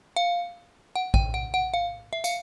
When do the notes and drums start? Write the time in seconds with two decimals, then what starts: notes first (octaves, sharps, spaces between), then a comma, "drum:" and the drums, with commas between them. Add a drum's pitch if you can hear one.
0.16 F5
0.96 F#5
1.14 G5, drum: kick A1
1.34 F#5
1.54 F#5
1.74 F5
2.13 E5
2.24 F5, drum: tambourine